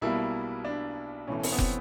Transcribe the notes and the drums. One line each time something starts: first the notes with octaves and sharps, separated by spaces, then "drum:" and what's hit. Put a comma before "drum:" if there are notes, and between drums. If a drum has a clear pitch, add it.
B1 B2 G3 A#3 E4
D4
B1 A2 E3 A3 C#4
C4, drum: open hi-hat
B3
C4, drum: kick